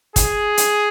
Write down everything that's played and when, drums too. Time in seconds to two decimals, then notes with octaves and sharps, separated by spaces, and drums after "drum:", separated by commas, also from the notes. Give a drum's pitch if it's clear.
0.16 G#4, drum: kick, hi-hat
0.57 drum: hi-hat